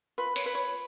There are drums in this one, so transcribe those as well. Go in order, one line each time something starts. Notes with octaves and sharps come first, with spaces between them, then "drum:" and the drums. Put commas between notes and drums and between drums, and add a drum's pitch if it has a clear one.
F4 B4
C#5, drum: tambourine
B4
C#5